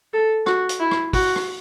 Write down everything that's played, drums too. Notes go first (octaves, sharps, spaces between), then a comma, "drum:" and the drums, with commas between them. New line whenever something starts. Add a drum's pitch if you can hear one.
A4
F#4, drum: rim click
drum: hi-hat
E4
drum: rim click
F#4, drum: kick, open hi-hat
drum: rim click